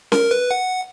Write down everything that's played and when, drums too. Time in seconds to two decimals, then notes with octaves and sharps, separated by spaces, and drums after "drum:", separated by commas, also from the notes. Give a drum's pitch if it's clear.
0.12 A#4, drum: snare C#4
0.31 B4
0.51 F#5